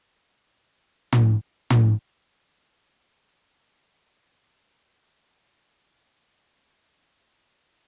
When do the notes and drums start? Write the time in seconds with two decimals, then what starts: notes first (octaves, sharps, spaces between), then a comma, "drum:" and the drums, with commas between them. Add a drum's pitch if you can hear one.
0.72 A4
1.13 drum: tom
1.70 drum: tom
2.91 A#3 B3 A#4 B4
5.75 F3 D#4
6.72 G4